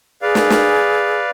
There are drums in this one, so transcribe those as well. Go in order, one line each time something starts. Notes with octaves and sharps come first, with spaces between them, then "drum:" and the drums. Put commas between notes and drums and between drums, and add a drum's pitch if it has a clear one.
G#4 B4 D5 F5
drum: snare
drum: snare